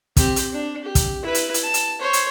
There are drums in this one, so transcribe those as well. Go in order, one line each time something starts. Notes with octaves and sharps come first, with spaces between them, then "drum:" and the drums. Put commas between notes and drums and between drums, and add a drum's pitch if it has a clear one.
C4 G4, drum: kick, hi-hat
drum: hi-hat
D4
G4
drum: kick, hi-hat
E4 B4
drum: hi-hat
drum: hi-hat
A5
drum: hi-hat
C5 C#5
drum: hi-hat